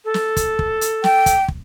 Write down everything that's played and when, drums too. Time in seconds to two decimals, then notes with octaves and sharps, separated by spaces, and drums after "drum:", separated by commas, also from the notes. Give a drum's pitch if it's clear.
0.05 A4
0.14 drum: snare
0.37 drum: kick, hi-hat
0.59 drum: kick
0.81 drum: hi-hat
1.04 G5, drum: snare
1.26 drum: kick, hi-hat
1.48 drum: kick